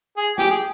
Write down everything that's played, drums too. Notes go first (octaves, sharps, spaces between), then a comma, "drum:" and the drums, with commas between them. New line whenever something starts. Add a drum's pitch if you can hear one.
G#4
G4, drum: snare
G#4